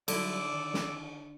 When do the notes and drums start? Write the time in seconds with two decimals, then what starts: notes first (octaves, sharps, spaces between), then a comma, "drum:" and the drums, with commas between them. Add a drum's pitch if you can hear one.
0.08 D3 F#3 G3 E4 F#4 D5 D6 E6, drum: cymbal
0.53 D#3
0.74 drum: snare